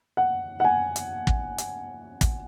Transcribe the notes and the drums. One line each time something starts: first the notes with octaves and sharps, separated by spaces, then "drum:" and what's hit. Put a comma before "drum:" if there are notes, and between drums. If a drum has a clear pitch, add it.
F#5
F#5
G#5
drum: hi-hat
drum: kick
drum: hi-hat
drum: kick, hi-hat